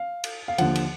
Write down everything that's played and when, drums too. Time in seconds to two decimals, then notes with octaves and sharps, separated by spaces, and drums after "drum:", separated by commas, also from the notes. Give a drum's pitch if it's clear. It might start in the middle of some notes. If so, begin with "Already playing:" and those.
Already playing: F5
0.24 drum: cymbal
0.48 F5
0.58 D#2 D3 F3 F#5, drum: cymbal
0.75 drum: cymbal